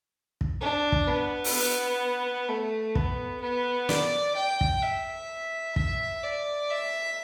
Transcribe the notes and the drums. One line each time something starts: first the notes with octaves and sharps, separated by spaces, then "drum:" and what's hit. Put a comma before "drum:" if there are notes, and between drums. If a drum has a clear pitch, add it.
drum: kick
D4
drum: kick
B3
drum: open hi-hat
B3
A3
B3, drum: kick
B3
D5, drum: snare
G5
drum: kick
E5
E5, drum: kick
D5
E5